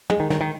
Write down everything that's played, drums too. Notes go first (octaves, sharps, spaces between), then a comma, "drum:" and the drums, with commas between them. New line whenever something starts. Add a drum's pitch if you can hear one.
G#3, drum: tom
D#3
D#3, drum: snare
D#3